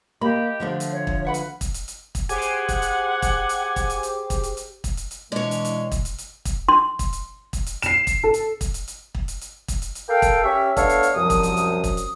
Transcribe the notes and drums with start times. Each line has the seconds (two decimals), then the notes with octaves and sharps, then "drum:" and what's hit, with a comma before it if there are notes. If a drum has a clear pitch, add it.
0.21 A#3 G4 D#5 B5
0.60 D3 F3 A3
0.80 drum: hi-hat
0.91 C#5
1.07 drum: kick
1.25 B4 E5 F#5 B5
1.34 drum: hi-hat
1.61 drum: kick, hi-hat
1.74 drum: hi-hat
1.88 drum: hi-hat
2.15 drum: kick, hi-hat
2.29 G4 G#4 C5 F#5 G#5 D6, drum: hi-hat
2.42 drum: hi-hat
2.69 drum: kick, hi-hat
2.82 drum: hi-hat
3.22 drum: kick, hi-hat
3.49 drum: hi-hat
3.76 drum: kick, hi-hat
3.90 drum: hi-hat
4.03 drum: hi-hat
4.30 drum: kick, hi-hat
4.43 drum: hi-hat
4.57 drum: hi-hat
4.84 drum: kick, hi-hat
4.97 drum: hi-hat
5.11 drum: hi-hat
5.32 B2 E3 G#3 C#4 D4 C#5
5.51 drum: hi-hat
5.65 drum: hi-hat
5.92 drum: kick, hi-hat
6.05 drum: hi-hat
6.18 drum: hi-hat
6.45 drum: kick, hi-hat
6.69 C6
6.99 drum: kick, hi-hat
7.13 drum: hi-hat
7.53 drum: kick, hi-hat
7.66 drum: hi-hat
7.82 C7 E7, drum: hi-hat
8.07 drum: kick, hi-hat
8.24 A4
8.34 drum: hi-hat
8.61 drum: kick, hi-hat
8.74 drum: hi-hat
8.88 drum: hi-hat
9.15 drum: kick
9.28 drum: hi-hat
9.41 drum: hi-hat
9.68 drum: kick, hi-hat
9.82 drum: hi-hat
9.95 drum: hi-hat
10.09 A4 A#4 F5 G5
10.22 drum: kick, hi-hat
10.44 C#4 G4 E5
10.77 A3 B3 D4 A4 C#5 F5, drum: kick, hi-hat
10.89 drum: hi-hat
11.03 drum: hi-hat
11.15 C2 F#2 F3 D#6
11.30 drum: kick, hi-hat
11.43 drum: hi-hat
11.57 drum: hi-hat
11.84 drum: kick, hi-hat
11.97 drum: hi-hat